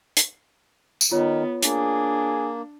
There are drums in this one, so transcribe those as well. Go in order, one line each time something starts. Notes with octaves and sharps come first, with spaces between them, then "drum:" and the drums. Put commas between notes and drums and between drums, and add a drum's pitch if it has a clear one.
drum: hi-hat
drum: tambourine
D#3 B3 F4 C#5
A#3 D4 G#4, drum: hi-hat